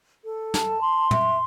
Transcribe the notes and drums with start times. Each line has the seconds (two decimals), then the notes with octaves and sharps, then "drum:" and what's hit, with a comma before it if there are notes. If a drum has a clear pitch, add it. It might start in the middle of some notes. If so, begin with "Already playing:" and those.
0.25 A4
0.54 A5, drum: snare
0.82 C6
1.11 E5, drum: tom